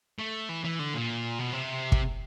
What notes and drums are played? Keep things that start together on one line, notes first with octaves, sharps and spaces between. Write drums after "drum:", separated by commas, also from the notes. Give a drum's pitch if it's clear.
A3
E3
E3
D3
A#2
B2
C3
drum: kick